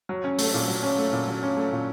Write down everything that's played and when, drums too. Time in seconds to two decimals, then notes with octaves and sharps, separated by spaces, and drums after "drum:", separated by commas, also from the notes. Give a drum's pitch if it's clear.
0.09 F#3
0.24 C#4
0.39 A3, drum: open hi-hat
0.54 A#2
0.68 F#3
0.83 C#4
0.98 A3
1.13 A#2
1.28 F#3
1.43 C#4
1.57 A3
1.72 A#2